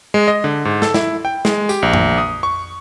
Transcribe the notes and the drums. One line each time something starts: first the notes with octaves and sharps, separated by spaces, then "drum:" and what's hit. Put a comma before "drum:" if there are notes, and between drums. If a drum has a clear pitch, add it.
G#3
D#5
D3
G#2
A4, drum: snare
E4, drum: snare
G5
G#3, drum: snare
G4, drum: tambourine
A#1
drum: tom F2
D#6
C#6